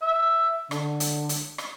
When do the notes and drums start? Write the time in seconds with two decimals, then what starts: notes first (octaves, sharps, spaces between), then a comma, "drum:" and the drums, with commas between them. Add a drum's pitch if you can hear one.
0.02 E5
0.71 D3, drum: rim click
1.00 drum: hi-hat
1.29 drum: hi-hat
1.58 drum: rim click